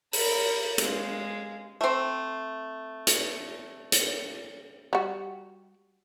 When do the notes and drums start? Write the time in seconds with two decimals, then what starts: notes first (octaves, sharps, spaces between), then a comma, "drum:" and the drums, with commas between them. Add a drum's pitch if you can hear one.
0.13 A#4 B5, drum: open hi-hat
0.78 G#3 F5, drum: hi-hat
1.81 A3 C4
3.07 drum: hi-hat
3.92 drum: hi-hat
4.93 G3 F#4